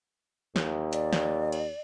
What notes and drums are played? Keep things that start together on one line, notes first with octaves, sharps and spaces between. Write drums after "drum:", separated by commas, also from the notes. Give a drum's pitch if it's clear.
D#2, drum: snare
D5, drum: hi-hat
drum: snare
drum: cymbal